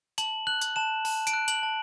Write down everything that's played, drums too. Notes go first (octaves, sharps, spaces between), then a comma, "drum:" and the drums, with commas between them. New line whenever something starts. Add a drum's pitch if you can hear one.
A5 F#7, drum: hi-hat
F#6 F#7
drum: hi-hat
A5 E7
A5, drum: open hi-hat
D7, drum: hi-hat
F#6
F#7, drum: hi-hat
A5